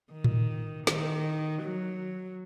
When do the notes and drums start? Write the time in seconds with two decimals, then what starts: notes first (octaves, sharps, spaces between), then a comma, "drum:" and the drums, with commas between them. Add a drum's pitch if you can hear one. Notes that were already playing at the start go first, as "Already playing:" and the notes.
0.12 D#3
0.24 drum: tom A2
0.87 D#3, drum: snare
1.63 F#3